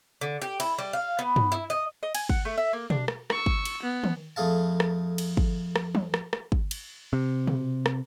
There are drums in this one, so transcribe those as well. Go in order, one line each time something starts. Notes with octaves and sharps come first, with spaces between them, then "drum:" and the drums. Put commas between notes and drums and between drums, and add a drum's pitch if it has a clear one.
D3
G4
E4, drum: cymbal
G3
F5
B3
drum: tom G2
E4
D#5
D#5
G#5, drum: cymbal
F#5, drum: kick
A3
E5
A#3
D4, drum: tom B2
drum: rim click
C#6 E6, drum: rim click
drum: kick
drum: cymbal
B3
drum: tom D#3
F2 A3 G#4 F5 A5
drum: rim click
drum: cymbal
drum: kick
drum: rim click
drum: tom
drum: rim click
drum: rim click
drum: kick
drum: cymbal
C3
drum: tom B2
drum: rim click